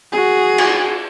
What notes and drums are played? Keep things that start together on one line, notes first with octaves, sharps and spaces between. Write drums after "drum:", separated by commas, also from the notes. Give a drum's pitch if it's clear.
F#4 G#4
drum: cymbal